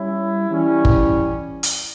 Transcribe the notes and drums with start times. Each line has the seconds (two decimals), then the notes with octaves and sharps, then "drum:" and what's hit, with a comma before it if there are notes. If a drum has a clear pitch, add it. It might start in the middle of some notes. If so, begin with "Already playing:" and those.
Already playing: G3 C#4 E4
0.50 E3 G3 C#4
0.85 drum: kick
1.63 drum: hi-hat